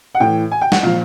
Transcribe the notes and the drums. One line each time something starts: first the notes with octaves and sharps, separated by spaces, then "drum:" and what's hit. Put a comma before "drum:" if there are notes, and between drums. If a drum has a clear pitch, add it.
F#5
A2 E3 G5
G#5
G5
F#5, drum: snare
A#2 F3 F5